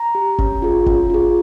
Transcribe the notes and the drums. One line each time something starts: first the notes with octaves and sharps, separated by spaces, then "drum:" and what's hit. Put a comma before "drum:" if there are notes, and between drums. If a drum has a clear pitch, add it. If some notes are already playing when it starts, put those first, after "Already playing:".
Already playing: A#5
G4
C#4, drum: kick F#1
F4 G#4
C#4, drum: kick F#1
F4 G#4